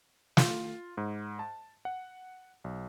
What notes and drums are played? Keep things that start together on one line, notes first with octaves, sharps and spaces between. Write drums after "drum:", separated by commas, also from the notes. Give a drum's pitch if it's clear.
F4, drum: snare
G#2
A5
F#5
B1